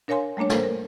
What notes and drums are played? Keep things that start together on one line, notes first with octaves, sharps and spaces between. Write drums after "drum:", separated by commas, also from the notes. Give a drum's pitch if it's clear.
D4 A#4 C#5 F5 G#5 C6
G3 A3 A#3 D4 C#5
A4 A#4 C5, drum: snare
A#4